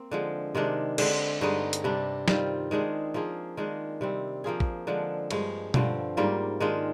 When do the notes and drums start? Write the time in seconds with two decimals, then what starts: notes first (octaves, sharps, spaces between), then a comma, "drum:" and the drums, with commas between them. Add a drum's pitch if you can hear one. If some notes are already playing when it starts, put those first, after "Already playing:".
Already playing: A#3 C4
0.11 D3 F3 G#3
0.55 C3 D#3 G#3 D4
0.98 D3 G#3 C4, drum: cymbal
1.41 G2 D3 G#3 D#4
1.73 drum: hi-hat
1.84 C3 G3 D4
2.28 D#3 G3 C4 F4, drum: snare
2.71 D#3 G#3 D4 G#4
3.14 F3 A#3 F4 G#4
3.57 D#3 G#3 D4
4.01 C3 G3 C4
4.44 F3 A#3 F4 G#4
4.60 drum: kick
4.87 D3 F3 G#3 D4
5.31 G2 F3 G#3, drum: cymbal
5.74 G2 D3 F3 C4, drum: tom B2
6.17 G#2 G3 A#3 F4
6.60 D#3 G#3 D4 F4